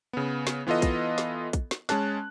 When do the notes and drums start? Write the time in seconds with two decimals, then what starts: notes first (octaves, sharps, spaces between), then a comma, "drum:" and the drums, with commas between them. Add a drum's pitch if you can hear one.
0.13 C#3 B3
0.47 drum: snare
0.67 E3 B3 F4 A4 D#5
0.82 drum: kick, hi-hat
1.18 drum: snare
1.53 drum: kick, hi-hat
1.71 drum: snare
1.89 G#3 C#4 A5 F#6, drum: snare